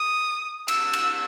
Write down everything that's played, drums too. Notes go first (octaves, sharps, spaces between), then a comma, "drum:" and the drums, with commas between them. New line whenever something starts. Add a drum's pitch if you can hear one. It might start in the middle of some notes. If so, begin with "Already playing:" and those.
Already playing: D#6
E6, drum: cymbal
drum: cymbal